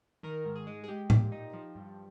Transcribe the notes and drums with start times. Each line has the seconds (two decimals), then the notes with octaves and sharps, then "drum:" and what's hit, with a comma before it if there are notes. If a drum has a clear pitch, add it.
0.23 D#3 A#4
0.45 G#2
0.55 G#4
0.67 G#3
0.84 G#4
0.88 G#3 G4
1.10 A#2, drum: tom A2
1.32 D#4
1.53 F3
1.75 G2